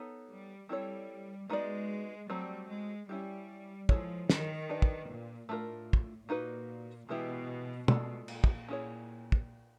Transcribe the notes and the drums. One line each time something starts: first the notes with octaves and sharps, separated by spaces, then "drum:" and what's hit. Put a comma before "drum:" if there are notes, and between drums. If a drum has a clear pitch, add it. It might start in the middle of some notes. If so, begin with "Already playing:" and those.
Already playing: B3 D#4 A4 C#5
G3
G3 C4 E4 A4 C#5
G#3 B3 D#4 F#4 B4 D5
F#3 G3 A3 C4
G#3
G3 C#4 E4 G4
F3 G#3 B3 E4 A4 C#5, drum: kick
D#3, drum: snare
D4 G4 B4 D5
drum: kick
A#2
A2 A3 D4 F4 A#4
drum: kick
A#2 A#3 D#4 F#4 B4
B2 E3 G#3 B3 E4 G4
B2 G#3 C4 F4 A4 D5, drum: tom
A#2, drum: cymbal
drum: kick
C#4 E4 G#4 C#5
drum: kick